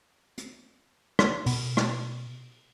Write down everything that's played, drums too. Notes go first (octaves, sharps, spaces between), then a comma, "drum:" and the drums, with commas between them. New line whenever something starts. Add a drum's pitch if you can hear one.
drum: hi-hat
drum: rim click
B2, drum: open hi-hat
drum: rim click